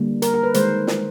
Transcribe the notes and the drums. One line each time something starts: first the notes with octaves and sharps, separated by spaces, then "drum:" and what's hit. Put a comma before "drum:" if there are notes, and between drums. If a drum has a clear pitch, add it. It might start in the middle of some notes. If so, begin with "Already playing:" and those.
Already playing: D3 G3 A#3
A#4, drum: hi-hat
A#4
B4
D#3 G#3 C5, drum: hi-hat
drum: snare